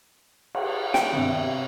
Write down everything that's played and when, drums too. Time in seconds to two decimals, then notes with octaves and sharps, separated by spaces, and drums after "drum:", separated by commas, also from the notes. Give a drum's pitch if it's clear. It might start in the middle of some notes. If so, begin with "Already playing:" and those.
0.55 drum: cymbal
0.94 G5, drum: snare
1.13 G#1 G2 C3
1.35 C3